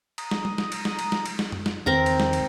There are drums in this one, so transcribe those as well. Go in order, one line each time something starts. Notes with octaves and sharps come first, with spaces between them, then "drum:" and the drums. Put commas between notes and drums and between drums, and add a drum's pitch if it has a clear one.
A#5 D#6, drum: cymbal
drum: snare
drum: tom G3
drum: snare
drum: cymbal
drum: snare
drum: cymbal
drum: snare
drum: cymbal
drum: snare
drum: tom F#2
drum: snare
E2 D#3 C4 A#4 A#5
drum: cymbal
drum: snare
drum: cymbal